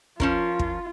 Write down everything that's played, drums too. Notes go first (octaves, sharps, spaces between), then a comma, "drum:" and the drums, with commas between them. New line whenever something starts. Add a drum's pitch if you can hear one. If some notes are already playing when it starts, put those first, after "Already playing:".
F3 C#4 F4 A#4, drum: kick
drum: kick